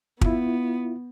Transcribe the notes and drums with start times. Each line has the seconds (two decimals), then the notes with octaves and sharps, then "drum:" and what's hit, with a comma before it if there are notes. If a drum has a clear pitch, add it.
0.21 B3 E4 F4, drum: kick